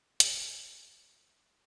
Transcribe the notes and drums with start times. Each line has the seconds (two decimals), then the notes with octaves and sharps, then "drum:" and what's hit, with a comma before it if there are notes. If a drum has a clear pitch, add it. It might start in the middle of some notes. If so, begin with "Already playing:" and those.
0.20 F#2, drum: hi-hat
0.44 D3
0.71 B1 F3 G4 A#4 C#5 D#5 F5
1.11 D5